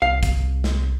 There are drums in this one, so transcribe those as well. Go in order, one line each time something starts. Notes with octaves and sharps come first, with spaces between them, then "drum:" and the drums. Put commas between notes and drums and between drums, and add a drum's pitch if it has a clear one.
C2 F5
drum: kick, hi-hat
drum: snare